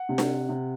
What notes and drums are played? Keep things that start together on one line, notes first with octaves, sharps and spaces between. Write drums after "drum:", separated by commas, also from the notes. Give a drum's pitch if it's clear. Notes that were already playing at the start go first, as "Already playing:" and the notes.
Already playing: F#5
C3
drum: snare D4
C3